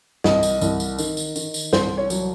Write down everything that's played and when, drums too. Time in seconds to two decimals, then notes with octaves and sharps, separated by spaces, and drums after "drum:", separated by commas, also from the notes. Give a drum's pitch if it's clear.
0.24 C2 D#5, drum: snare
0.43 drum: tambourine
0.61 C2, drum: tambourine
0.80 drum: tambourine
0.98 D#3, drum: tambourine
1.17 drum: tambourine
1.36 D#3, drum: tambourine
1.54 drum: tambourine
1.73 C2 C5, drum: snare
1.98 C#5
2.10 F#3, drum: tambourine